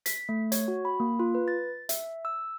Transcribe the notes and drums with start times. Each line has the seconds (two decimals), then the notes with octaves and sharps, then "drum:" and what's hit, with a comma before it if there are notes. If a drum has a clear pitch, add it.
0.06 B6, drum: hi-hat
0.29 A3
0.52 C#5, drum: hi-hat
0.68 F#4
0.85 B5
1.00 A#3
1.20 F4
1.35 B4
1.48 A6
1.89 E5, drum: hi-hat
2.25 E6